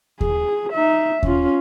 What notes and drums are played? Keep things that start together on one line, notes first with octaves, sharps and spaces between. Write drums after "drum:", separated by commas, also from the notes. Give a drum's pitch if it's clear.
G#4, drum: kick D#2
D#4 E5
C#4 F4, drum: kick D#2